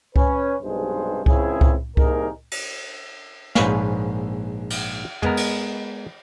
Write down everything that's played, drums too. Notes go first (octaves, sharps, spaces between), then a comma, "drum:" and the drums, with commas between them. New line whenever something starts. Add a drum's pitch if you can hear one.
C#4 B4, drum: kick C2
B1 G2 C3 G#3 D#4 C5
C#2 C#3 C4 E4 G#4, drum: kick C2
drum: kick C2
C2 A#3 D#4 G#4 A#4, drum: kick C2
drum: cymbal
A#1 G#2 B4 C#5 F5, drum: snare
drum: cymbal
G#3 B3 A#4, drum: tom
drum: cymbal